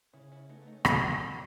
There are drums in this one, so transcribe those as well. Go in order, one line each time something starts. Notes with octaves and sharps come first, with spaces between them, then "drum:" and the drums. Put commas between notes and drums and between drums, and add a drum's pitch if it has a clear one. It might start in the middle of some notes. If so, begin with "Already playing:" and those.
C#3 C#4 E4
C#4 E4
A3 B3 D#4
B3
D#4
C#4
A3 C#4 E4, drum: rim click
B3 D#4